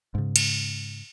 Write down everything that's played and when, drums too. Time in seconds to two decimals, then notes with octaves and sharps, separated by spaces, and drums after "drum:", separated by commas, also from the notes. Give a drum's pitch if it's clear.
0.15 G#2 C#3
0.36 drum: cymbal